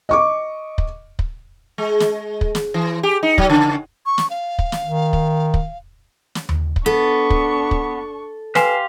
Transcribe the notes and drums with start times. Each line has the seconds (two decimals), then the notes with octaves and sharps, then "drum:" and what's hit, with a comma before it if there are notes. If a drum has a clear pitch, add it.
0.09 D#5 C#6 D6
0.78 drum: kick
1.19 drum: kick
1.78 G#3
2.00 drum: snare
2.41 drum: kick
2.55 drum: snare
2.74 E3
3.03 G4
3.23 D#4
3.38 F#3, drum: kick
3.50 C#3
4.06 C#6
4.18 drum: snare
4.30 F5
4.59 drum: kick
4.72 drum: snare
4.83 D#3
5.13 drum: kick
5.54 drum: kick
6.35 drum: snare
6.49 drum: tom D#2
6.76 drum: kick
6.86 B3 D4 A4 C#6
7.30 drum: kick
7.71 drum: kick
8.55 G4 B4 F5 G#5 C6 E7, drum: snare